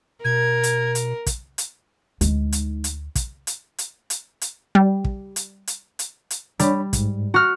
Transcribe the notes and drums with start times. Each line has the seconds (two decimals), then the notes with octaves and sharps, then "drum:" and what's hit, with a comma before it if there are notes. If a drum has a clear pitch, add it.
0.25 B2 A#4 G#6
0.63 drum: hi-hat
0.95 drum: hi-hat
1.26 drum: kick, hi-hat
1.58 drum: hi-hat
2.21 D2 G#3 D#4, drum: hi-hat
2.52 drum: hi-hat
2.84 drum: hi-hat
3.15 drum: kick, hi-hat
3.47 drum: hi-hat
3.78 drum: hi-hat
4.10 drum: hi-hat
4.41 drum: hi-hat
4.75 G3
5.04 drum: kick
5.36 drum: hi-hat
5.67 drum: hi-hat
5.99 drum: hi-hat
6.30 drum: hi-hat
6.59 G3 D4 C#5 B5, drum: hi-hat
6.93 G#2, drum: kick, hi-hat
7.34 F#4 F6